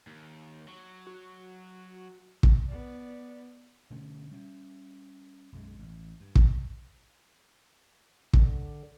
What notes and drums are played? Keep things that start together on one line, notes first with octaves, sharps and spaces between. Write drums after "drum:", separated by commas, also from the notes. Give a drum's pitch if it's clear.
D#2
F#3
F#4
drum: kick
B3 D5
B2 D3 A3 C#4
G3 C#4
B1 F#2 D#3 G#3
A1
G2
drum: kick
D3, drum: kick